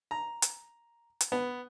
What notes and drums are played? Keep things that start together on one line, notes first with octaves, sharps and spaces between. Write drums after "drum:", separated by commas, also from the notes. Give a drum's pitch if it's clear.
A#5
drum: hi-hat
drum: hi-hat
B3